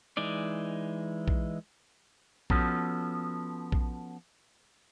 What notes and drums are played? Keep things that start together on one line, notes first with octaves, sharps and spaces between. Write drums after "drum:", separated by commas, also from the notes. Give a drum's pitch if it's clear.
E3 G#3 D#4 D5
drum: kick A#1
F3 B3 C#4 F#4 A4, drum: kick A#1
drum: kick A#1